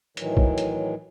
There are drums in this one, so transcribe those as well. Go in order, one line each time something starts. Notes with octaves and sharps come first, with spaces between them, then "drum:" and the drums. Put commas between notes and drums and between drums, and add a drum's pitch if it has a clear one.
A2 D#3 E3 F#3, drum: hi-hat
drum: kick
drum: hi-hat